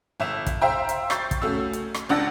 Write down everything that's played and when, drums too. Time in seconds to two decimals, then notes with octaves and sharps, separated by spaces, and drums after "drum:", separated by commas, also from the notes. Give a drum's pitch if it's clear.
0.20 G1 E5 E7
0.46 drum: kick, hi-hat
0.61 C5 E5 F5 G5 A#5
0.89 drum: hi-hat
1.10 C#6 G6 A6 C7, drum: rim click
1.31 drum: kick, hi-hat
1.42 A3 C#4 F#4 E6
1.73 drum: hi-hat
1.94 drum: rim click
2.09 C#2 D4 F#5 E6 A6 A#6